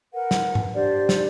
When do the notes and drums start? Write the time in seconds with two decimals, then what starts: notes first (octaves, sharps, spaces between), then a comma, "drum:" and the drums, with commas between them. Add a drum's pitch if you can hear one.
0.14 A#4 B4 F#5
0.31 drum: snare
0.55 drum: tom G#2
0.74 D4 G4 C5 D5
1.09 drum: snare